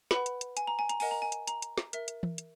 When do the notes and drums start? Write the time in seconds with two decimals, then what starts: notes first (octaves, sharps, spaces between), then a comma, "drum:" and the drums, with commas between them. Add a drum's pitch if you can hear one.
0.11 B4 F#5 B5, drum: snare
0.26 drum: hi-hat
0.41 drum: hi-hat
0.57 G#5, drum: hi-hat
0.67 A#5
0.79 G#5
0.89 A#5, drum: hi-hat
1.00 A#4 D#5 F#5 G#5, drum: open hi-hat
1.11 A#5
1.22 G#5
1.32 drum: hi-hat
1.47 A#5, drum: hi-hat
1.62 drum: hi-hat
1.78 drum: snare
1.93 A#4 E5, drum: hi-hat
2.08 drum: hi-hat
2.23 drum: tom E3
2.38 drum: hi-hat